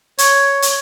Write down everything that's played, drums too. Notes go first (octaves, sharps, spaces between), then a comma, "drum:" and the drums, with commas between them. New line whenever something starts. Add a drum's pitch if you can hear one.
C#5, drum: hi-hat
drum: hi-hat